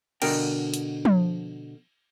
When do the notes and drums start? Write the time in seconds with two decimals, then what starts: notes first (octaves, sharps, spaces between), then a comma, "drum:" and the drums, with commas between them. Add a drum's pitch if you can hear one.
0.22 B2 D3 A#4 G5, drum: cymbal
0.74 drum: hi-hat
1.05 drum: tom F3